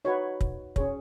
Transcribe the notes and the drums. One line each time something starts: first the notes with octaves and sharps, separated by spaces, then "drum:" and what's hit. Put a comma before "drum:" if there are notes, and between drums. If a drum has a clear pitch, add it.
D#4 F#4 B4 C#5
drum: kick
C#4 G#4 C#5, drum: kick